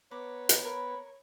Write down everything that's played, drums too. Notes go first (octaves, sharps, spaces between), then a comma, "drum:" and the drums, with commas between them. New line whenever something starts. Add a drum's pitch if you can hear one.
B3 B4 C#5 A#5 D6
drum: hi-hat
A#4 B5